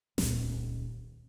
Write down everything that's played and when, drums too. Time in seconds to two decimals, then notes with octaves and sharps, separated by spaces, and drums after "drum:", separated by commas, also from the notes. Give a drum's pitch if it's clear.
0.18 D#1 C#2, drum: snare